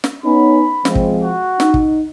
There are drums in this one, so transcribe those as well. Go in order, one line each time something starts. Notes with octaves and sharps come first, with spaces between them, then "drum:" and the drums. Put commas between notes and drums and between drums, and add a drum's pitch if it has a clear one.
drum: snare
B3 C#4 D#4 B5
F3 G#3 C4, drum: snare
drum: kick
F#4
D#4, drum: snare
drum: kick